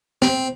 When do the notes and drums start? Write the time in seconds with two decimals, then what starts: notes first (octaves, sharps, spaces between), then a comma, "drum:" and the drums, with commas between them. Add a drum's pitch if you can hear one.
0.22 C4, drum: snare